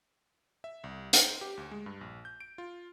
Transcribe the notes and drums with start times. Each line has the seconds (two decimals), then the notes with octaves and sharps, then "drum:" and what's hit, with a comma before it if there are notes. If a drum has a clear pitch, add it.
0.64 E5
0.84 C2
1.13 C5, drum: hi-hat
1.41 G4
1.57 D2
1.71 G#3
1.86 G2
2.01 A#1
2.25 G6
2.40 D7
2.58 F4